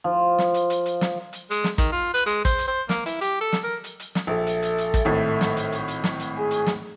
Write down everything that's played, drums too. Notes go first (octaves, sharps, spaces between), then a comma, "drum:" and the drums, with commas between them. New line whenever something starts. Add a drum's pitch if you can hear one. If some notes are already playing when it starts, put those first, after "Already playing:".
F3
drum: snare
drum: hi-hat
drum: hi-hat
drum: hi-hat
drum: snare
drum: hi-hat
G#3, drum: hi-hat
drum: snare
D#3, drum: kick, hi-hat
F4
B4, drum: hi-hat
G#3, drum: hi-hat
C5, drum: kick, hi-hat
drum: hi-hat
C5
A#3, drum: snare
E4, drum: hi-hat
G4, drum: hi-hat
A4
drum: snare
A#4
drum: hi-hat
drum: hi-hat
drum: snare
A#1 A4 E5
drum: hi-hat
drum: hi-hat
drum: hi-hat
drum: kick, hi-hat
G#1 A2
drum: snare
drum: hi-hat
drum: hi-hat
drum: hi-hat
drum: snare
drum: hi-hat
G#4 G#5
drum: hi-hat
drum: snare